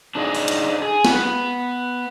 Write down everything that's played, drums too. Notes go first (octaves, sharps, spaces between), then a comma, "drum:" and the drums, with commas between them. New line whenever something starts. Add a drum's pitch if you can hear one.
D4 D#4 G#4 C#5 D#5
drum: open hi-hat
drum: hi-hat
G#4
B3, drum: snare